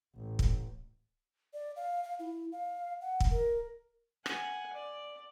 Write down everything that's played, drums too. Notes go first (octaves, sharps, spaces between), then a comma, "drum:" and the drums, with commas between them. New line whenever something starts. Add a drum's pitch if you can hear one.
A1
drum: kick
D5
F5
F5
E4
F5
F#5
drum: kick
A#4
F#5 G#5, drum: rim click
D5